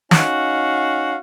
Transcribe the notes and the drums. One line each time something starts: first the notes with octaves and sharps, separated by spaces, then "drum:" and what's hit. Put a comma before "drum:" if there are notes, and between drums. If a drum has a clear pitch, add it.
C#4 D#4 F#4 F5, drum: snare